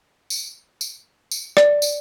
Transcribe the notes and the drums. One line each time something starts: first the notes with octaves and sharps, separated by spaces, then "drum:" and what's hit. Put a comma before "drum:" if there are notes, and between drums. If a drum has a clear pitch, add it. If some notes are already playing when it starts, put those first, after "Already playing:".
drum: tambourine
drum: tambourine
drum: tambourine
D5, drum: rim click
drum: tambourine